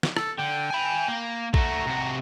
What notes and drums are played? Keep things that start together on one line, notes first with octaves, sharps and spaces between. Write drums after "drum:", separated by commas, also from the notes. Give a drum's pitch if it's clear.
drum: snare
A4, drum: rim click
D3 G5
G#5 B5
A#3
A3 F#4 A#5, drum: kick A#1
C3 F#4